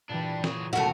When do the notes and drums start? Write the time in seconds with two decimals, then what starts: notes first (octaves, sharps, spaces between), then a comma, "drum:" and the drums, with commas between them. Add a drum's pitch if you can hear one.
0.09 A#2 E3 G3 D4
0.44 F#3 G#4, drum: snare
0.73 D#2 C3 A3 E4 F#4 A#4